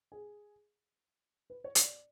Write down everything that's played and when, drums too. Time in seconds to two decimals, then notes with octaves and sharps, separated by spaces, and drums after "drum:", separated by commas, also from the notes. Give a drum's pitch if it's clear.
0.12 G#4
1.50 B4
1.64 C#5
1.75 C#5, drum: hi-hat
1.80 D5